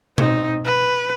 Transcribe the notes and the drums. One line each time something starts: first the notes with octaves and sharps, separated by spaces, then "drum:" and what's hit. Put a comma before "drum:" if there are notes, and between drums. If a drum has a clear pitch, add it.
C4 D#4, drum: tom B2
B4